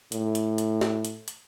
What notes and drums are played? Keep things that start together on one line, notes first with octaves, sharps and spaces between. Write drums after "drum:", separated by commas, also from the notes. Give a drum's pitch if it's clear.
A2, drum: hi-hat
drum: hi-hat
drum: hi-hat
drum: snare
drum: hi-hat
drum: hi-hat